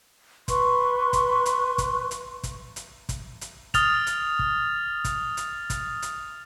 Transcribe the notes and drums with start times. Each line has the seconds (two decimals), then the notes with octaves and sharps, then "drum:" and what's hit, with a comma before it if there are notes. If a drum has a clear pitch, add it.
0.48 B4 C6 C#6, drum: kick, hi-hat
1.13 drum: kick, hi-hat
1.46 drum: hi-hat
1.78 drum: kick, hi-hat
2.11 drum: hi-hat
2.43 drum: kick, hi-hat
2.76 drum: hi-hat
3.09 drum: kick, hi-hat
3.41 drum: hi-hat
3.74 D#6 F6 A6 F7, drum: kick, hi-hat
4.07 drum: hi-hat
4.39 drum: kick
5.05 drum: kick, hi-hat
5.37 drum: hi-hat
5.70 drum: kick, hi-hat
6.02 drum: hi-hat